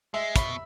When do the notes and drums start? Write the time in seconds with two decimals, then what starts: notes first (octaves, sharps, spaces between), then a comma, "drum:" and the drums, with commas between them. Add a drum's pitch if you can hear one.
0.14 G#3 E5
0.36 B2 B5, drum: kick, hi-hat